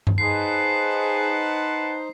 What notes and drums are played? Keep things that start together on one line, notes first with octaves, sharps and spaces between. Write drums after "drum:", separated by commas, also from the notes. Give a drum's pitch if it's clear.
drum: tom G2
D#4 G#4 B4 C5 F#5 A5 C7